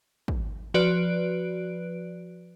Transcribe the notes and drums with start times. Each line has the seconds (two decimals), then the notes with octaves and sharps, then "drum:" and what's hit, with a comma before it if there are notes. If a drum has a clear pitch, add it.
0.28 drum: kick
0.74 F3 F#4 B4 D5 F#6 D7